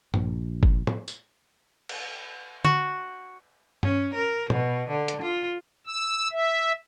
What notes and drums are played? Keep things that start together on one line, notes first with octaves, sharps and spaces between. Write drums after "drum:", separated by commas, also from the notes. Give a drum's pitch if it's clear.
A#1, drum: tom G2
drum: kick G1
drum: tom
drum: tambourine
drum: cymbal
F#4, drum: tom D3
C#4, drum: tom G2
A#4
B2, drum: tom
D3
drum: hi-hat
F4
E6
E5